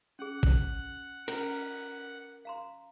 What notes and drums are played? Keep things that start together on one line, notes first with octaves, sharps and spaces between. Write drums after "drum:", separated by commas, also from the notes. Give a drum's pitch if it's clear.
C#4 G#4 F#5
drum: kick G#1
C#4 A#4, drum: cymbal
F5 A#5 C6